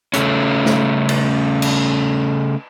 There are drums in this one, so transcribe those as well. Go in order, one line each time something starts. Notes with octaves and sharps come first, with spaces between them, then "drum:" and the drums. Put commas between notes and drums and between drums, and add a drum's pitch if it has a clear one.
C#3 A3 C#4, drum: hi-hat
drum: snare
drum: cymbal
drum: cymbal